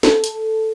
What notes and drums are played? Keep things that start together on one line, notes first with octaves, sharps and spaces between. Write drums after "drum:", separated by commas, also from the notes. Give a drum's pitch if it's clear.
A4, drum: snare
drum: hi-hat